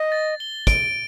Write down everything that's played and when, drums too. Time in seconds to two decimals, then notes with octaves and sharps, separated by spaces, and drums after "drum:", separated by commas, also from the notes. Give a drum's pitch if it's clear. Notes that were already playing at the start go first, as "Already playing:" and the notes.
Already playing: D#5
0.12 A6
0.40 G7
0.67 D7, drum: kick, hi-hat